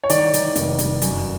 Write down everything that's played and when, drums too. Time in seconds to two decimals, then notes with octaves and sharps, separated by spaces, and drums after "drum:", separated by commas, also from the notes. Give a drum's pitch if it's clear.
0.04 C#5
0.10 D#3 D5, drum: hi-hat
0.34 D#3, drum: hi-hat
0.55 F1, drum: hi-hat
0.79 F1, drum: hi-hat
1.02 F#2, drum: hi-hat